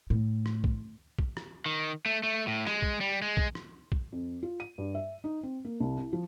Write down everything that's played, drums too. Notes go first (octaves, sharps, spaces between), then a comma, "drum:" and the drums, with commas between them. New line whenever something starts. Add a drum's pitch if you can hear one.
A2
drum: rim click
drum: kick
drum: kick
drum: rim click
D#3
A3
A3
A2
G#3, drum: rim click
drum: kick
G3
G#3
drum: kick
drum: rim click
drum: kick
F2
F4
D#7
G2
E5
D#4
C4
A#3
C2
E4
F3